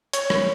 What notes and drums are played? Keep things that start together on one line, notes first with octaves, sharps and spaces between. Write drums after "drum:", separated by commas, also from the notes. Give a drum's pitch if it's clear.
C#5, drum: hi-hat
drum: rim click